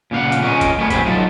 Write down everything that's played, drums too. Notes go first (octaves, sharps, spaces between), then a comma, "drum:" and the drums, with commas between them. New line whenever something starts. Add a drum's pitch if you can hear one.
A#2 C#3 F5 F#5
drum: hi-hat
C#4 F4 G#4 A#4 C#5 D#5
drum: kick F#1, hi-hat
A3 B3 G4 G#4
F#2 A#2 C4 G4 G#4 B5, drum: kick F#1, hi-hat
F#3 G#3 D#4 F4 A4